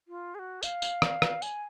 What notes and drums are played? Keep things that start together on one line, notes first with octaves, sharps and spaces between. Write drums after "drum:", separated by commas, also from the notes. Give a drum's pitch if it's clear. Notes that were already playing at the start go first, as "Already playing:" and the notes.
F4
G#4
F#4
F5, drum: tambourine
drum: tambourine
drum: rim click
drum: rim click
G#5, drum: tambourine